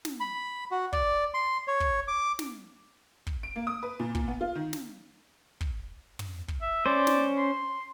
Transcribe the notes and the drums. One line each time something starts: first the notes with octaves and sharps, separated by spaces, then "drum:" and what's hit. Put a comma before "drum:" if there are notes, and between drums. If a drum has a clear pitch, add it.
drum: snare
B5
F#4
D5, drum: kick
C6
C#5
drum: kick
D6
drum: snare
drum: kick
D7
A#3
D#6
B4
A#2
A#2, drum: kick
B3
F4
D#3
drum: snare
drum: kick
drum: tom
drum: kick
E5
C#4 C5 D5
drum: snare
C6